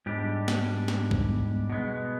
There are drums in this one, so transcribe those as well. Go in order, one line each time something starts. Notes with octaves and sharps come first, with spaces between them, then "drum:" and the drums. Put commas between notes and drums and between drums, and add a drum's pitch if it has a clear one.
G#2 G3 B3 D4 G4
G#3, drum: snare
B3, drum: snare
drum: kick
B2 G#3 B3